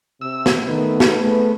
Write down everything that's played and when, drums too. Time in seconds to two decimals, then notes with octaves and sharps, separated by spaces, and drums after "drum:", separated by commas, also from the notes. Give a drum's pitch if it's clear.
0.21 C3 E6
0.46 drum: snare
0.67 D#3 A3 B3 D#4
1.00 drum: snare
1.20 A3 C4 G#4 B4